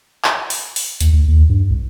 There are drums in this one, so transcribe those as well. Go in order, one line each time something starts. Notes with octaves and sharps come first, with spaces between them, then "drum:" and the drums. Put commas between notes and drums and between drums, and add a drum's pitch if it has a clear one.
drum: clap
drum: open hi-hat
drum: open hi-hat
D#2, drum: hi-hat
D2
D#2
G2
C2